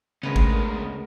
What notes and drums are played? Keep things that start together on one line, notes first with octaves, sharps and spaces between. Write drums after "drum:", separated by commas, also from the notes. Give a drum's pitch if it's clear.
D2 C#3 G#3 B3 C#4 A#4 B4
drum: kick G#1